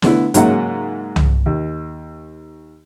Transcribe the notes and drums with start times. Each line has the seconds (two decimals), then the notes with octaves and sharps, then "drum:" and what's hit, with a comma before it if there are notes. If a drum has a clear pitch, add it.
0.02 D3 A3 B3 E4, drum: snare
0.34 G#2 C#3 F#3 A#3 E5 F#5, drum: hi-hat
1.16 drum: tom C2
1.46 D#2